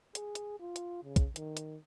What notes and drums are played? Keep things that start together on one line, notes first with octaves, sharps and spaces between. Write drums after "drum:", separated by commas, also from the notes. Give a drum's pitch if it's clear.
G#4, drum: hi-hat
drum: hi-hat
F4
drum: hi-hat
C#3
drum: kick, hi-hat
D#3, drum: hi-hat
drum: hi-hat